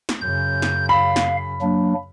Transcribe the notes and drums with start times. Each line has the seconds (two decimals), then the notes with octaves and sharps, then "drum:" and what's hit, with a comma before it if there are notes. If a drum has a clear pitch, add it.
0.09 drum: snare
0.21 F#2 C#3 G6
0.62 drum: snare
0.89 F5 B5
1.16 drum: snare
1.62 F#3 A#3 D4